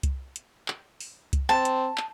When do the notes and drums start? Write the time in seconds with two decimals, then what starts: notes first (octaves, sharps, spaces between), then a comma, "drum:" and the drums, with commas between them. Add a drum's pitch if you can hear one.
0.03 drum: kick C2, hi-hat
0.36 drum: hi-hat
0.68 drum: clap
1.01 drum: open hi-hat
1.33 drum: kick C2, hi-hat
1.49 C4 A5
1.65 drum: hi-hat
1.98 drum: clap